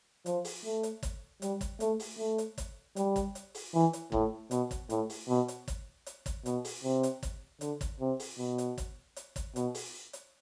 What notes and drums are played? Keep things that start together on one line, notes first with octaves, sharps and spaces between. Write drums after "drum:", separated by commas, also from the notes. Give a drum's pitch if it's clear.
F3, drum: hi-hat
drum: open hi-hat
A3
drum: hi-hat
drum: kick, hi-hat
G3, drum: hi-hat
drum: kick, hi-hat
A3, drum: hi-hat
drum: open hi-hat
A3
drum: hi-hat
drum: kick, hi-hat
G3, drum: hi-hat
drum: kick, hi-hat
drum: hi-hat
drum: open hi-hat
E3
drum: hi-hat
A2, drum: kick
B2, drum: hi-hat
drum: kick, hi-hat
A2, drum: hi-hat
drum: open hi-hat
B2
drum: hi-hat
drum: kick, hi-hat
drum: hi-hat
drum: kick, hi-hat
B2, drum: hi-hat
drum: open hi-hat
C3
drum: hi-hat
drum: kick, hi-hat
D3, drum: hi-hat
drum: kick, hi-hat
C3
drum: open hi-hat
B2
drum: hi-hat
drum: kick, hi-hat
drum: hi-hat
drum: kick, hi-hat
B2, drum: hi-hat
drum: open hi-hat
drum: hi-hat